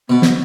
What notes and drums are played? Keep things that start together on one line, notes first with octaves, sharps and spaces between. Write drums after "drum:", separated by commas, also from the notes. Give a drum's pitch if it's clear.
B2 B3
drum: snare